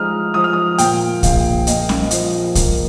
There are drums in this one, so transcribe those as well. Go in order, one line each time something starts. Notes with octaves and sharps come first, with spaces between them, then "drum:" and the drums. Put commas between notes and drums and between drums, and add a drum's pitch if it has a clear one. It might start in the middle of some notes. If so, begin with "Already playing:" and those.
Already playing: F3 G#3 A#5 D#6 F6
F3 D#6
F6
D#6
A#2 G5, drum: hi-hat
A#1 F5, drum: kick, hi-hat
A#2 D#5, drum: hi-hat
drum: snare C#4
F3, drum: hi-hat
A#3, drum: kick, hi-hat